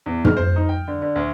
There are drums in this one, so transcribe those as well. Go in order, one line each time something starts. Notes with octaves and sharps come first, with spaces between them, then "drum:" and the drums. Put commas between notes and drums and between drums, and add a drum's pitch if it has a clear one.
E2
F6, drum: tom
C5
D#4
G5
D3
D3
D2